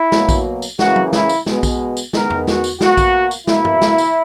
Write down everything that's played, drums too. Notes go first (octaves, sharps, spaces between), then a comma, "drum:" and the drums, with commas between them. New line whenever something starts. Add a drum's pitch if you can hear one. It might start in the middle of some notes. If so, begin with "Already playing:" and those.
Already playing: E4
B2 F#3 A#3, drum: snare
drum: kick A#1, tambourine
drum: tambourine
C#3 E3 A#3 F#4, drum: snare
drum: tom F#3
E4, drum: snare
drum: tambourine
B2 G#3 B3, drum: snare
drum: kick A#1, tambourine
drum: tambourine
D#3 G#3 B3 A#4, drum: snare
drum: tom E2
F#4, drum: snare
drum: tambourine
B2 A#3 F#4, drum: snare
drum: kick A#1, tambourine
drum: tambourine
B2 A#3 E4, drum: snare
drum: tom G2
drum: snare
drum: tambourine